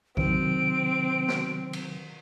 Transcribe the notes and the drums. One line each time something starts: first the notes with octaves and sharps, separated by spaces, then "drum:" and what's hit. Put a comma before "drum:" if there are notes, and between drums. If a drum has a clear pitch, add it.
C3 D#3 F#3 C4 D7, drum: kick A1
drum: snare
drum: cymbal